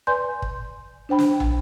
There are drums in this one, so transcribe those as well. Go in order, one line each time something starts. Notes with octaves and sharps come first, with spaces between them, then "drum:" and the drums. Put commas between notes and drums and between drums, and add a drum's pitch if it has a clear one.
B4 D5 G#5 C6 G6
drum: kick
D4 C5 G5 B5
drum: snare
drum: tom